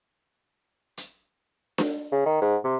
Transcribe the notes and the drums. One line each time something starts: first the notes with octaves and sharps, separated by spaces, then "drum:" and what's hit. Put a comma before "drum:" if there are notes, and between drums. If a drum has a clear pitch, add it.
drum: hi-hat
drum: snare D4
C#3
D#3
G#2
C3